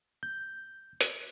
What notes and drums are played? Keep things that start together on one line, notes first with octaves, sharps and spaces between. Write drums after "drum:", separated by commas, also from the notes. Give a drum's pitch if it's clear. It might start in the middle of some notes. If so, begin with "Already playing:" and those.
G6
drum: hi-hat